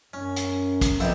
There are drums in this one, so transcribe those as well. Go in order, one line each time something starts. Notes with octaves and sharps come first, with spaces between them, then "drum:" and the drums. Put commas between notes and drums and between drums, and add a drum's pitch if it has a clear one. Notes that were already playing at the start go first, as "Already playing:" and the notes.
F#2 C#4
drum: hi-hat
drum: kick, hi-hat
F2 A#2 B3 E5 G5